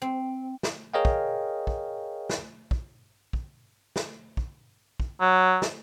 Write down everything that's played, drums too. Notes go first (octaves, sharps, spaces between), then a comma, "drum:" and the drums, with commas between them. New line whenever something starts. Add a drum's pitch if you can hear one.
C4
drum: snare
G#4 A#4 C#5 D#5 F5 G5
drum: kick
drum: kick
drum: snare
drum: kick
drum: kick
drum: snare
drum: kick
drum: kick
F#3
drum: snare